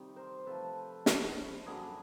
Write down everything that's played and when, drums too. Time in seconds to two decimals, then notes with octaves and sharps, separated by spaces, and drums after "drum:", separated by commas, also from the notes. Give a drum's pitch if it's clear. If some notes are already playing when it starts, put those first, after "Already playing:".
Already playing: C3 D#3 G3
0.16 A#4 C5
0.46 C3 F3 A3 A4 B4
1.06 drum: snare
1.66 F#2 D3 G3 G#4 A#4